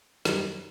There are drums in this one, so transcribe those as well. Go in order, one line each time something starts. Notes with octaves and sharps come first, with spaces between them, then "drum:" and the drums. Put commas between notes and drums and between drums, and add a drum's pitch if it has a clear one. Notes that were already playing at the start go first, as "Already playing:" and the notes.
F#2 D#3 G3, drum: snare